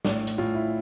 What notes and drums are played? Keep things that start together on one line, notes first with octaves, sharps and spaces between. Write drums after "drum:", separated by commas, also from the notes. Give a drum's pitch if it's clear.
A2 D4, drum: snare
drum: hi-hat
A2 F4
E4